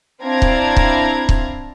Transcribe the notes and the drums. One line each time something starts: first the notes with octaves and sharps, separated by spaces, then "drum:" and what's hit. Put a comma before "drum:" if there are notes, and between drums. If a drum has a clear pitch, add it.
C4 D4 E4 F5 A#5 G#6
drum: kick
drum: kick
drum: kick